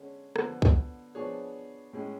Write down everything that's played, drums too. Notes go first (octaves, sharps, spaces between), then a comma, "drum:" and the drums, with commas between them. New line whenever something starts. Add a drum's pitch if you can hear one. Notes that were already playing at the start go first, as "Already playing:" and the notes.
Already playing: D3 G#3 C#4 G#4 C#5
D3 F3 B3, drum: rim click
drum: kick
F3 B3 D4 G#4 C#5
A2 G#3 C#4 G#4